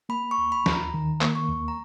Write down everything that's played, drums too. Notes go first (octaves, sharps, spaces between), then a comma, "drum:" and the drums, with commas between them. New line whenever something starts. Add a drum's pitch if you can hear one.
A#3 B5
C#6
D#2
B5
D#2, drum: snare
A#5
D#3
A#3, drum: clap
C#6
D#2
A#5